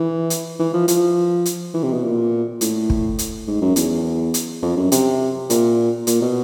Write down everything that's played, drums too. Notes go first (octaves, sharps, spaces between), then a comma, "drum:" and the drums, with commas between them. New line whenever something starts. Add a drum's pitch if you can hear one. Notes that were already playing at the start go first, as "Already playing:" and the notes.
Already playing: E3
drum: hi-hat
E3
F3
F3, drum: hi-hat
drum: hi-hat
E3
C3
B2
A#2
A2, drum: hi-hat
drum: kick
drum: hi-hat
G#2
F#2
E2, drum: hi-hat
drum: hi-hat
F2
F#2
C3, drum: hi-hat
A#2, drum: hi-hat
A#2, drum: hi-hat
B2